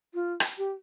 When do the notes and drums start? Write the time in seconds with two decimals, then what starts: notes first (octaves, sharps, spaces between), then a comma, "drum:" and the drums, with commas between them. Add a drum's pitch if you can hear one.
0.14 F4
0.40 drum: rim click
0.58 G4